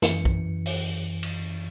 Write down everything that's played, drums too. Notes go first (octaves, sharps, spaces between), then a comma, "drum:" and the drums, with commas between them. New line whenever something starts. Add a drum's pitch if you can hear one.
F#2 E3 C#7, drum: snare
drum: kick
drum: open hi-hat
drum: cymbal